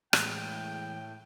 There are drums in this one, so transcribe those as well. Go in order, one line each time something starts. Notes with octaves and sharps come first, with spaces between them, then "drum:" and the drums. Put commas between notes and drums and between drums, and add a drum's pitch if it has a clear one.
E2 A2 G#3 G5, drum: rim click